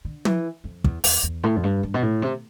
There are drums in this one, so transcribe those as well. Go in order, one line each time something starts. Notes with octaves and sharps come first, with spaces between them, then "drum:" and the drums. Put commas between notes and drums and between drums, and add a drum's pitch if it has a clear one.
D3
E3, drum: tom
F2
E2, drum: kick
E2, drum: open hi-hat
E2
A2
F2
G2
G2
B2
A2
C3